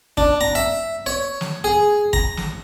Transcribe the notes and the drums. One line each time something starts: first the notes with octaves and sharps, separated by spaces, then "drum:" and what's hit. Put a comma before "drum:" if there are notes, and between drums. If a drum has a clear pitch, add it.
D4, drum: kick
A#5
E5
C#5
drum: snare
G#4
A#5, drum: kick
drum: snare